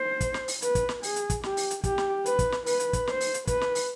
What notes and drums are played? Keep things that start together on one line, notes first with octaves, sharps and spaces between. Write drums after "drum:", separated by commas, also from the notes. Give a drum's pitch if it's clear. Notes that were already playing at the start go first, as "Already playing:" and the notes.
Already playing: C5
drum: kick, hi-hat
drum: snare
drum: open hi-hat
B4, drum: hi-hat
drum: kick, hi-hat
drum: snare
G#4, drum: open hi-hat
drum: hi-hat
drum: kick, hi-hat
G4, drum: snare
drum: open hi-hat
drum: hi-hat
G4, drum: kick, hi-hat
drum: snare
B4, drum: hi-hat
drum: kick, hi-hat
drum: snare
B4, drum: open hi-hat
drum: hi-hat
drum: kick, hi-hat
C5, drum: snare
drum: open hi-hat
drum: hi-hat
B4, drum: kick, hi-hat
drum: snare
drum: open hi-hat